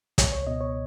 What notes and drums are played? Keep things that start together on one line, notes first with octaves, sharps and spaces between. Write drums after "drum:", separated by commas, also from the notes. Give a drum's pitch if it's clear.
C#2 C#5, drum: kick, hi-hat
C#5
B2 D#5
C#5